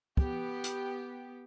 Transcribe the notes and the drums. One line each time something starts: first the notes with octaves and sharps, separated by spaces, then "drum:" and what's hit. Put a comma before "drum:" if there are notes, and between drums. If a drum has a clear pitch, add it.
B3 G4, drum: kick
drum: hi-hat